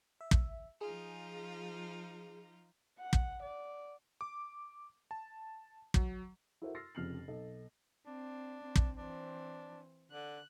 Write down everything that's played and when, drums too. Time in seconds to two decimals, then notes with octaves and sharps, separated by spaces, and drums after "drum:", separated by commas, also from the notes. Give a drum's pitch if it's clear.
0.21 E5
0.31 drum: kick
0.81 F3 D#4 F4 G#4
2.99 F#5
3.13 drum: kick
3.42 D5
4.21 D6
5.11 A5
5.94 F#3, drum: kick
6.62 E4 F#4 A4 A#4 C5 E5
6.74 C6 E6 F6 A6 A#6 C7
6.95 F1 F2 C#3 F6 C7 F#7
7.28 B1 A4 D#5
8.06 C4 D4
8.62 C4
8.76 drum: kick
8.96 E3 C4 D4
10.12 D3 F#6